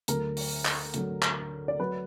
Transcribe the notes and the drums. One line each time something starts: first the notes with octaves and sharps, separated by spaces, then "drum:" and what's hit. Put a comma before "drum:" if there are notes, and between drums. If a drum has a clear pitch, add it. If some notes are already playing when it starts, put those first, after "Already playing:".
D2 D3 F#3 A#4, drum: hi-hat
drum: open hi-hat
drum: clap
D2 D3 F#3, drum: hi-hat
drum: clap
D5
F#3 B4